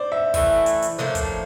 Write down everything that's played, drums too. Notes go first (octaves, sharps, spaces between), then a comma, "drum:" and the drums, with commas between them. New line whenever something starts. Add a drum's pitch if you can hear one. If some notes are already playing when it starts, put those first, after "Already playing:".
Already playing: C5 D5
E5
E3 A3 E4, drum: kick, open hi-hat
drum: hi-hat
drum: hi-hat
A2 F3 A#3 D4
drum: kick, hi-hat